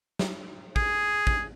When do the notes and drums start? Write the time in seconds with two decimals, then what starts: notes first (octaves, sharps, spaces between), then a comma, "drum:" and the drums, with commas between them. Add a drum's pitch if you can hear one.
0.19 drum: snare
0.76 G#4, drum: kick
1.27 drum: kick